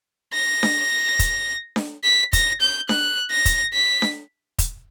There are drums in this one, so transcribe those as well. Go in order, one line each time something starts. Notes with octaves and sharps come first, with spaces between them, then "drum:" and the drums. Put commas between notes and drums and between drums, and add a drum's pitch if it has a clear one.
A#6
drum: snare D4
drum: kick, hi-hat
drum: snare D4
B6
A#6, drum: kick, hi-hat
G6
F#6, drum: snare D4
A#6
drum: kick, hi-hat
B6
drum: snare D4
drum: kick, hi-hat